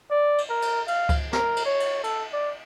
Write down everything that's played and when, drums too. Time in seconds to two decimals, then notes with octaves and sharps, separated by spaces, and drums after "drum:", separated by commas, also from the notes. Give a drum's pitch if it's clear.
0.11 D5
0.38 drum: cymbal
0.50 A#4
0.62 drum: cymbal
0.88 F5, drum: cymbal
1.09 drum: kick C#2, cymbal
1.33 A#4, drum: snare
1.56 drum: cymbal
1.66 C#5
1.80 drum: cymbal
2.04 A4, drum: cymbal
2.33 D5